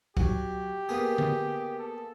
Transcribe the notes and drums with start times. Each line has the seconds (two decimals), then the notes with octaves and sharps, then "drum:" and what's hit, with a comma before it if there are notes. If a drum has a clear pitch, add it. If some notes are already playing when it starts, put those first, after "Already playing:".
0.17 F#3 G4, drum: kick
0.89 A#3 B3 G#4
1.18 drum: tom D3
1.79 A4